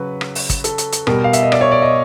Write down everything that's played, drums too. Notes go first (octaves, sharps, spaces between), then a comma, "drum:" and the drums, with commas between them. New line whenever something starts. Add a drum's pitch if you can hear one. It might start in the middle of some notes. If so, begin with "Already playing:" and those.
Already playing: C#3 F#3 B4
drum: rim click
drum: open hi-hat
drum: kick, hi-hat
A4, drum: hi-hat
drum: hi-hat
drum: hi-hat
B2 G3 A#4, drum: rim click
F5
E5, drum: hi-hat
D#5
D5, drum: rim click
C#5
D5
D#5